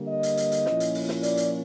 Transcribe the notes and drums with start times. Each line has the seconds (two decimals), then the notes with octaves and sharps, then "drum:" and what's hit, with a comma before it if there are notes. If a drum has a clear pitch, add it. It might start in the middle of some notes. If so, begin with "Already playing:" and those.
Already playing: D3 G3 A#3
0.09 D#5
0.23 drum: hi-hat
0.37 drum: hi-hat
0.52 drum: hi-hat
0.66 A#2 F3 A#3 C#4 E4, drum: snare
0.80 drum: hi-hat
0.94 drum: open hi-hat
1.09 drum: snare
1.23 D5, drum: hi-hat
1.37 drum: hi-hat